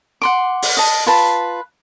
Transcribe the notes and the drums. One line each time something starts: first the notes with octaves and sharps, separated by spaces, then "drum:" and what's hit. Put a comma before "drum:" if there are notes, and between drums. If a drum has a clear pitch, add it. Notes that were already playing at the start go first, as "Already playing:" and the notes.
F#5 C6 D6
drum: open hi-hat
D#5 A5
F4 B4 A5